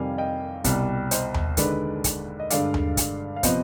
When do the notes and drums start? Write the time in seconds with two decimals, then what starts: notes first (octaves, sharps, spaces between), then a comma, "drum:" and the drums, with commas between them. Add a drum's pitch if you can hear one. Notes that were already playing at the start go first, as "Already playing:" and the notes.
Already playing: F2 C3 D#3 G3 F5 G#5
0.18 D#5 G5
0.64 C2 B2 G3, drum: kick, hi-hat
1.11 C5 D#5, drum: hi-hat
1.34 drum: tom D#2
1.57 D#2 D3 G#3 D4 B4 D5, drum: kick, hi-hat
2.04 drum: kick, hi-hat
2.40 D#5
2.50 G2 D3 G#3 D4 D5 F5, drum: hi-hat
2.74 drum: tom D#2
2.97 drum: kick, hi-hat
3.36 F5
3.43 C3 F3 B3 C5 D#5, drum: kick, hi-hat